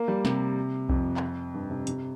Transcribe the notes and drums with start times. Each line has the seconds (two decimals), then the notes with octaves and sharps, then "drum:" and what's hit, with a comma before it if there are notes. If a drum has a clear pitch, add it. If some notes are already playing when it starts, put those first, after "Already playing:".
Already playing: A#3
0.08 G3
0.25 C3, drum: snare
0.89 F2, drum: kick B1
1.17 drum: clap
1.54 G2
1.70 C3
1.87 C3, drum: hi-hat